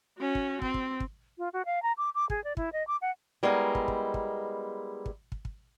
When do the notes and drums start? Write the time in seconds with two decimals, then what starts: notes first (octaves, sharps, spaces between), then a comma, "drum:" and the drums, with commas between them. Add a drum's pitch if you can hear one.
0.18 C#4 F#4
0.35 drum: kick
0.62 C4, drum: kick
0.74 drum: kick
1.00 drum: kick
1.38 F4
1.53 F#4
1.66 F5
1.83 A#5
1.98 D6
2.15 D6
2.30 G#4, drum: kick
2.44 D5
2.57 E4, drum: kick
2.73 D#5
2.87 D6
3.02 F#5
3.43 G3 G#3 B3 E4 A#4
3.75 drum: kick
3.88 drum: kick
4.14 drum: kick
5.06 drum: kick
5.32 drum: kick
5.45 drum: kick